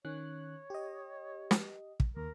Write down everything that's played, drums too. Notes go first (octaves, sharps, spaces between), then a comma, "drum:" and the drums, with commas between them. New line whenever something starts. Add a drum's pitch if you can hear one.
D#3 C#4 C#5 F#6
G4 D#5
drum: snare
drum: kick
D#2 A#4